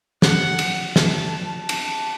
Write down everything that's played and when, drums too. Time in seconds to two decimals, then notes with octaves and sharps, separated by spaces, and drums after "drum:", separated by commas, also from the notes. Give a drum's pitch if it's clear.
0.22 F#5, drum: snare
0.59 drum: cymbal
0.96 A5, drum: snare
1.69 A5, drum: cymbal